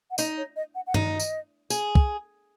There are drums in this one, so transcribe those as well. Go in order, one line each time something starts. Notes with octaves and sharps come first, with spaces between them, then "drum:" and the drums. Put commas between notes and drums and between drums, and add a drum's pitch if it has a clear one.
F#5
D#4 D#5, drum: tambourine
C#5
D#5
F#5
F#5
D#4 D#5, drum: tom G2
drum: tambourine
G#4, drum: tambourine
drum: kick